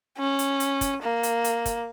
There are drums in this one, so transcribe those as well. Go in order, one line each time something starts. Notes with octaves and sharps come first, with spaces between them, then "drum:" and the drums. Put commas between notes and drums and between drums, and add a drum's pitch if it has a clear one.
C#4
drum: hi-hat
drum: hi-hat
drum: kick, hi-hat
A#3
drum: hi-hat
drum: hi-hat
drum: kick, hi-hat